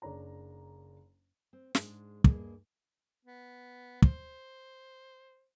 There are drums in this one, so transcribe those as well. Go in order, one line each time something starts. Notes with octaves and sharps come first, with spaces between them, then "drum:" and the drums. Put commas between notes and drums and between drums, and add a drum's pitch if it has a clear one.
F#1 D4 C#5 A#5
C4
G#2 G#3 D4, drum: snare
G2 A#3 G#4 D#5, drum: kick
B3
C5, drum: kick